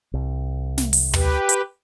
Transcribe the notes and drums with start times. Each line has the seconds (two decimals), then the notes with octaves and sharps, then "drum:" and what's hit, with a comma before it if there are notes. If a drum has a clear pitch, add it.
0.13 C2
0.78 drum: snare
0.93 drum: open hi-hat
1.13 G4 B4, drum: tom
1.49 drum: hi-hat